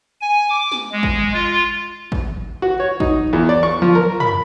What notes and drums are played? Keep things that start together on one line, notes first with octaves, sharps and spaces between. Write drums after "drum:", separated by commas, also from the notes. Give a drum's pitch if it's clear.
G#5
D6
drum: snare
G#3
drum: kick G#1
F4
drum: kick G#1
F#4
C#5
D#4, drum: kick G#1
E2
D5
C#6
F3
A#4
B5, drum: tom